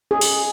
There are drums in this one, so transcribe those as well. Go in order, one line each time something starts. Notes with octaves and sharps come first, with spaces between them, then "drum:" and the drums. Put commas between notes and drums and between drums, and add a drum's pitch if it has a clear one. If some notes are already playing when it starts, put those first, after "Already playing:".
G#4
drum: open hi-hat